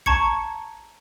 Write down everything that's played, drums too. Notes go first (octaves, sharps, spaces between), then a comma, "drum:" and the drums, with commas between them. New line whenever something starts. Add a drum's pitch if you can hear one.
A5 A#5 C#6 G#6 C#7, drum: kick